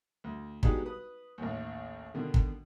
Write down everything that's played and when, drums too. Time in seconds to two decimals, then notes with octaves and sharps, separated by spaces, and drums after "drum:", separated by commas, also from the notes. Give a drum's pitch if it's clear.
0.24 D2
0.63 G#3 B3 D4 D#4 F#4 G4, drum: kick
0.85 B4 D#6
1.38 A1 D#2
2.14 B2 D3 D#3
2.34 drum: kick